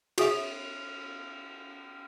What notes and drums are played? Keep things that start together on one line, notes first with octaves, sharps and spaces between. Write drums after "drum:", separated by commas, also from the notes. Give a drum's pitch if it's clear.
F#4 G#4 E5, drum: cymbal